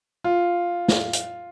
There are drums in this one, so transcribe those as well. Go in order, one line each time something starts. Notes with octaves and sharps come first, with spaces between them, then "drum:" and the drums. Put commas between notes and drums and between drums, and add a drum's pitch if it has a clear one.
F4
drum: snare
drum: hi-hat